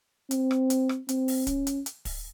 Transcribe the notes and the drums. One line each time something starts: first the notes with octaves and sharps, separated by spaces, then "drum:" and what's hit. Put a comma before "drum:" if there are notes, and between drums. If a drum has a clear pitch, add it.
C4, drum: hi-hat
drum: rim click
drum: hi-hat
drum: rim click
C4, drum: hi-hat
drum: open hi-hat
C#4, drum: kick, hi-hat
drum: hi-hat
drum: hi-hat
drum: kick, open hi-hat